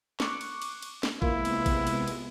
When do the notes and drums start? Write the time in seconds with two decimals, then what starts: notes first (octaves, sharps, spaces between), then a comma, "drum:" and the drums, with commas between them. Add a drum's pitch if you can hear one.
0.20 C#6 D6 F#6, drum: snare
0.41 drum: cymbal
0.62 drum: cymbal
0.82 drum: cymbal
1.03 drum: snare
1.22 C3 G#3 A#3 B3 E4 F4, drum: kick A1
1.45 drum: cymbal
1.66 drum: kick A1, cymbal
1.87 drum: cymbal
2.08 drum: cymbal